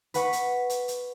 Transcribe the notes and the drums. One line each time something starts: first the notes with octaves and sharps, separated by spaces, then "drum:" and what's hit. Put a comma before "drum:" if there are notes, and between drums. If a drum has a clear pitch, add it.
B4 F#5 C#6 B6, drum: hi-hat
drum: hi-hat
drum: hi-hat
drum: hi-hat